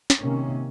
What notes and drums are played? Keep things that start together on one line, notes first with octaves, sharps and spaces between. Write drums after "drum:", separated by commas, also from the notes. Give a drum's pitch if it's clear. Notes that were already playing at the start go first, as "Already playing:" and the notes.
drum: snare
C3 D#3 A#3 C#4